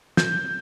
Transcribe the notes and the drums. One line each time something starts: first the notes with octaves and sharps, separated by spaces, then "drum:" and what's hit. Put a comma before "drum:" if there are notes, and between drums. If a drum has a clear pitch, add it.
G6, drum: snare